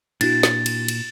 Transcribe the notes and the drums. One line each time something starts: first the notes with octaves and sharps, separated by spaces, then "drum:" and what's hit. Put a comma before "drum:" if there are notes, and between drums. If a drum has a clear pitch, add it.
A#2 D4 E4 F#4 A6, drum: cymbal
drum: snare
drum: cymbal
drum: cymbal